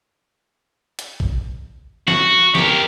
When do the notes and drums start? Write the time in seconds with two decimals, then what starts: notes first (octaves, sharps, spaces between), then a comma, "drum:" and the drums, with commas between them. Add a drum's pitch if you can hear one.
0.99 drum: hi-hat
1.20 drum: kick
2.08 F#4, drum: snare
2.55 G4 A#4, drum: snare